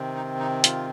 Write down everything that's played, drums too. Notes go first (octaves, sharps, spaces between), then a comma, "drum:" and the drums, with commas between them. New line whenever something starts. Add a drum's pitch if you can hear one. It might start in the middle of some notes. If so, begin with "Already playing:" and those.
Already playing: C3 D#3 C4
D#4
D#4
F4, drum: hi-hat